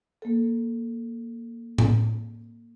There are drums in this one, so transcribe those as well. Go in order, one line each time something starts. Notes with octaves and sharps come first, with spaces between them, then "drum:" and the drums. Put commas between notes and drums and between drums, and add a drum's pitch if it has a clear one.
A#3 A4
drum: tom A2